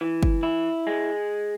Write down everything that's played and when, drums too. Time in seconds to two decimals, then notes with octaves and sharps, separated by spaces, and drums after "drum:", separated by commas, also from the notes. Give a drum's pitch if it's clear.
0.01 E3
0.23 drum: kick
0.43 E4
0.87 G#3